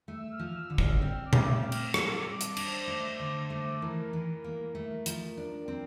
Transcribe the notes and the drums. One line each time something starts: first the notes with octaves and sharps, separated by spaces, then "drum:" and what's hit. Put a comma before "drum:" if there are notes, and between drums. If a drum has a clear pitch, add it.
A3 E6
F6
F3
E6
D3
E6, drum: kick
C4 E6
D6
A3, drum: tom A#2
E6
C4
F6, drum: cymbal
A#2 E6, drum: rim click
D6
G3
A5, drum: hi-hat
D4, drum: cymbal
C5
A3
D3
A3
E3 A#4
E3
A#3
A3
F3, drum: hi-hat
D4
C4